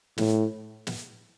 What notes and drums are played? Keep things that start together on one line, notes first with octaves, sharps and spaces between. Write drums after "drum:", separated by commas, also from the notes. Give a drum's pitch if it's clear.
A2, drum: snare
drum: snare